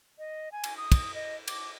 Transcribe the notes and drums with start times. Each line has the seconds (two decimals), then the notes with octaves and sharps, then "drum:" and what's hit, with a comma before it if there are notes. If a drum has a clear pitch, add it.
0.19 D#5
0.52 G#5
0.64 drum: cymbal
0.77 D#6
0.92 drum: kick, cymbal
1.15 D#5
1.48 D6, drum: cymbal